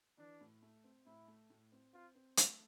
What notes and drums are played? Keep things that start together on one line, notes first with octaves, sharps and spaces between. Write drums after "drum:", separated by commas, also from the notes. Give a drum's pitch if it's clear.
E3 D4
A2
A3
C4
A2 E4
A3
A2
C4
C4 F4
C4
A3, drum: hi-hat